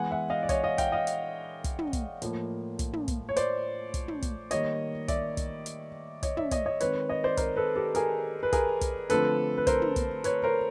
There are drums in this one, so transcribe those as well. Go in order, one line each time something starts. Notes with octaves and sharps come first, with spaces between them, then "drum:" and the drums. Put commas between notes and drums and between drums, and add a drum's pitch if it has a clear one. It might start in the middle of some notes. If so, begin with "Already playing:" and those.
Already playing: E3 G#3 B3 F#5 G#5
E5 F#5
D#5 F5
D5
C#5 D#5, drum: kick, hi-hat
D#5 F5
F5 G5, drum: kick, hi-hat
D#5 F5
drum: hi-hat
drum: kick, hi-hat
drum: tom
drum: kick, hi-hat
A2 F3 A#3, drum: hi-hat
drum: kick, hi-hat
drum: tom
drum: kick, hi-hat
C#5
C5 D5, drum: hi-hat
drum: kick, hi-hat
drum: tom
drum: kick, hi-hat
D#3 G3 A#3 C#5 D#5, drum: hi-hat
D5 E5, drum: kick, hi-hat
drum: kick, hi-hat
drum: hi-hat
C#5 D#5, drum: kick, hi-hat
D5 E5, drum: tom
C#5 D#5, drum: kick, hi-hat
C#5 D#5
D#3 G#3 C4 B4 C#5, drum: hi-hat
C#5 D#5
C5 D5
A#4 C5, drum: kick, hi-hat
A4 B4
G4 A4
G#4 A#4, drum: hi-hat
B4
G#4 A#4, drum: kick, hi-hat
drum: kick, hi-hat
D3 F3 A3 C4 A4 B4, drum: hi-hat
B4
A#4 C5, drum: kick, hi-hat
drum: tom
drum: kick, hi-hat
B4 C#5, drum: hi-hat
A#4 C5